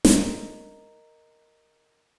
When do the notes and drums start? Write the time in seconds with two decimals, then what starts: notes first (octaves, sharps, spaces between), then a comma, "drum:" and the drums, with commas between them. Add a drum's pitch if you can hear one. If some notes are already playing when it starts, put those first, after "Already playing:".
0.05 A#4 D#5 A#5, drum: snare